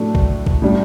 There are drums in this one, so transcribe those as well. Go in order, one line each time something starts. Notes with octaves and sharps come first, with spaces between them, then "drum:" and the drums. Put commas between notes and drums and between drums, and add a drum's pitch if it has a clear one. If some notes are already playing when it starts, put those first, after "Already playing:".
Already playing: A2 F#3 A3 D4
drum: kick
drum: kick
A2 G3 D4